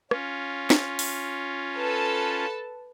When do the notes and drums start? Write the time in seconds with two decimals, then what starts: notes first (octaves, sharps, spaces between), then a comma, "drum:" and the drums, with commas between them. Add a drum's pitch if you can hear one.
0.11 C#4 F4, drum: rim click
0.70 drum: snare
0.99 drum: open hi-hat
1.76 A4 B4 A5